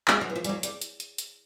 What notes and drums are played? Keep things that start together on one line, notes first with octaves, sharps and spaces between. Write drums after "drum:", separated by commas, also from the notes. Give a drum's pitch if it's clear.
G#3, drum: clap
F#3
E3
F3
G3, drum: hi-hat
F#3
G3, drum: hi-hat
drum: hi-hat
drum: hi-hat
drum: hi-hat